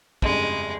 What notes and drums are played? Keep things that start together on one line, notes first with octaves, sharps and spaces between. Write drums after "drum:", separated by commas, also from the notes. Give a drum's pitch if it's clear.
G1 F2 C#3 G3 G#3, drum: kick